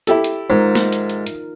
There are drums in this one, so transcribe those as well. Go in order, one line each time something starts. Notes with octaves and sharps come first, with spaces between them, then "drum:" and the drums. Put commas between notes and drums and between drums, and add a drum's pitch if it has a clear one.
E4 G4 A4, drum: hi-hat
drum: hi-hat
G#2 D#4 F4 A#4
drum: snare
drum: hi-hat
drum: hi-hat
drum: hi-hat